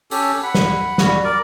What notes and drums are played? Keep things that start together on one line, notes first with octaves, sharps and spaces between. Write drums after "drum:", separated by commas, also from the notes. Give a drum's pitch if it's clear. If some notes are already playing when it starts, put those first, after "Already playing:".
C#4 G4 A4, drum: open hi-hat
F#5 B5
drum: snare
G3 F#4, drum: snare
A#4 D5